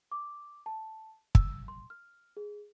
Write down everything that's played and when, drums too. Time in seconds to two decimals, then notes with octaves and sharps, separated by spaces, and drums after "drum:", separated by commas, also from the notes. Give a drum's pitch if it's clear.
0.12 D6
0.66 A5
1.35 E6, drum: kick
1.68 C6
1.90 F6
2.37 G#4